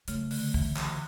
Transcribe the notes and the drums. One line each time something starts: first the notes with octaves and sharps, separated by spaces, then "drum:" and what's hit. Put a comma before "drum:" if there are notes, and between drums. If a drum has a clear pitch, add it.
C#3 A3, drum: hi-hat
D3, drum: open hi-hat
E3, drum: kick
E3, drum: clap